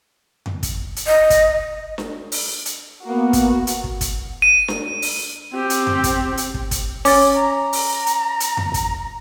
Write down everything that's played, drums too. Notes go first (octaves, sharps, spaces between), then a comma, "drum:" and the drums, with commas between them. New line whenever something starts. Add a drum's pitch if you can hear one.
drum: tom F2
drum: kick, hi-hat
drum: hi-hat
D#5
drum: kick, hi-hat
drum: snare D4
drum: open hi-hat
drum: hi-hat
A#3 B3 F#4
drum: kick, hi-hat
drum: hi-hat
drum: kick
drum: kick, hi-hat
D#7
drum: snare D4
drum: open hi-hat
C4 G4
drum: hi-hat
drum: tom F2
drum: kick, hi-hat
drum: hi-hat
drum: kick
drum: kick, hi-hat
C#4 D6 A6, drum: open hi-hat
A#5
drum: open hi-hat
drum: hi-hat
drum: hi-hat
drum: tom F2
drum: kick, hi-hat